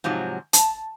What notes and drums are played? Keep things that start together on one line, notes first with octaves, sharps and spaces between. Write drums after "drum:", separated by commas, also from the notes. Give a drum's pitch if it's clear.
G#2 C3 F3 F#3
A5, drum: hi-hat